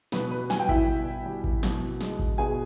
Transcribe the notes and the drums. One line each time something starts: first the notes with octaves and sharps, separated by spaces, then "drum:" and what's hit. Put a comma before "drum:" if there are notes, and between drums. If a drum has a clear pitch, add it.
B2 B4, drum: snare
B4
G3 G#5, drum: snare
G5
E4 E5, drum: kick A1
B2
G3
drum: kick A1
B2, drum: snare
G#3, drum: snare
drum: kick A1
B2 G#4 G#5